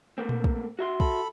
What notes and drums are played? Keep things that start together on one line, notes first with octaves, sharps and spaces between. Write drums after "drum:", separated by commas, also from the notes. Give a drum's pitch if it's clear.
A3 A#3 C4
drum: tom A#2
drum: kick
F#4 E5 C6
A4 B5, drum: kick